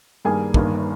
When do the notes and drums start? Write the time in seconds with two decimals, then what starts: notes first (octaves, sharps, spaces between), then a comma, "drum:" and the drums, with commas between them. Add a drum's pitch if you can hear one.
0.25 G2 D#3 G3 A#3 G#4 G#5
0.54 G1 G2 D#3 A#3, drum: kick